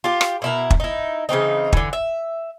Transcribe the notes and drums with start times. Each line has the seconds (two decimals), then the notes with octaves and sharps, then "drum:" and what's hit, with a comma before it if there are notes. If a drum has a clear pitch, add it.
0.04 F4 G4
0.21 drum: rim click
0.42 B2 E4 A#4
0.70 drum: kick
0.80 D#4 E4
1.29 C#3 E3 C4 D#4
1.73 D3 E3, drum: kick
1.93 E5